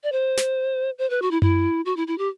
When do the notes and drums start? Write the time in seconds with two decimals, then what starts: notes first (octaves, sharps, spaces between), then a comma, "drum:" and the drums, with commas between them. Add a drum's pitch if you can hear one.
0.03 D5
0.12 C5
0.38 drum: snare
0.98 C5
1.10 B4
1.22 F#4
1.31 E4
1.42 E4, drum: tom F#2
1.85 F#4
1.96 E4
2.07 E4
2.18 G4